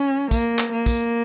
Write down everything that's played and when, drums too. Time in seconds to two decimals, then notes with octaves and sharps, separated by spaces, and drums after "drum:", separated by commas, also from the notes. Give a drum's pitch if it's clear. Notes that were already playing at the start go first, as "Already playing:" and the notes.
Already playing: C#4
0.31 A#3, drum: kick, tambourine
0.59 drum: clap
0.72 A#3
0.86 drum: kick, tambourine